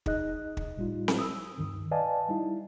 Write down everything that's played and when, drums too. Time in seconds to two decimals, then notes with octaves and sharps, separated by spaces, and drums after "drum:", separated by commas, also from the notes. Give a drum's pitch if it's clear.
0.06 D#4 G#4 D#5 F#6, drum: kick
0.57 drum: kick
0.77 A2 G3 D#4 F4
1.08 drum: snare C4
1.19 D#6 E6
1.58 C#2 G2 D#3
1.91 B4 D5 D#5 F5 G#5 A5
2.29 G3 D#4 E4